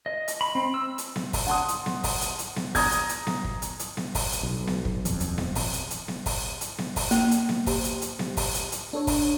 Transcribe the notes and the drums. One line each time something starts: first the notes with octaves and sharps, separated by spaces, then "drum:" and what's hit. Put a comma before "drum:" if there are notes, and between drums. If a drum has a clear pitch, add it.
D#5
drum: hi-hat
B5
C4
E6
drum: hi-hat
drum: snare B3
drum: kick, open hi-hat
F#5 A5 C6 D#6
drum: hi-hat
drum: snare B3
drum: kick, open hi-hat
drum: hi-hat
drum: hi-hat
drum: snare B3
A#5 D#6 G#6, drum: kick, open hi-hat
drum: hi-hat
drum: hi-hat
drum: snare B3
drum: kick
drum: hi-hat
drum: hi-hat
drum: snare B3
drum: kick, open hi-hat
drum: hi-hat
B1
drum: snare B3
drum: kick
D#1 F2, drum: hi-hat
drum: hi-hat
drum: snare B3
drum: kick, open hi-hat
drum: hi-hat
drum: hi-hat
drum: snare B3
drum: kick, open hi-hat
drum: hi-hat
drum: snare B3
drum: kick, open hi-hat
A#3, drum: hi-hat
drum: hi-hat
drum: snare B3
G4 C5, drum: kick, open hi-hat
drum: hi-hat
drum: hi-hat
drum: snare B3
drum: kick, open hi-hat
drum: hi-hat
drum: hi-hat
D4 A4 C#5
drum: kick, open hi-hat